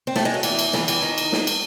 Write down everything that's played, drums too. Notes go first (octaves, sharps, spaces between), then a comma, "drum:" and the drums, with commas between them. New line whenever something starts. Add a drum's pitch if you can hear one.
C4
A3, drum: snare
G#3
F#3
E2 E3, drum: cymbal
drum: cymbal
E2 E3, drum: snare
E2 E3, drum: cymbal
D#3
drum: cymbal
drum: snare
drum: cymbal